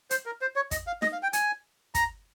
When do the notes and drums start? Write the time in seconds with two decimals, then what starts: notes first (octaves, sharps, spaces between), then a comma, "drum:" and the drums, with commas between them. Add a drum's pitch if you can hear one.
0.11 C5, drum: hi-hat
0.26 A#4
0.41 C5
0.56 C#5
0.71 D#5, drum: kick, hi-hat
0.87 F5
1.02 D#5, drum: snare D#4
1.12 F5
1.23 G5
1.33 G#5, drum: hi-hat
1.95 A#5, drum: kick, hi-hat